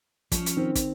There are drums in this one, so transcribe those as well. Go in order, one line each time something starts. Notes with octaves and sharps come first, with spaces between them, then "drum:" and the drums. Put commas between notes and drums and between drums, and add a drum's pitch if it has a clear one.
F3 C#4, drum: kick, hi-hat
drum: hi-hat
D#3 C4
drum: kick, hi-hat